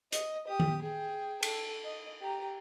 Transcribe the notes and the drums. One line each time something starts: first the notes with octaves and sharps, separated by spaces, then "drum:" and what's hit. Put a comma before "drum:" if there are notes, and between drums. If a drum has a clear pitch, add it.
D#5, drum: hi-hat
G4 D#6
drum: tom D#3
G#4 G5
A4, drum: cymbal
D#5
G4 A#5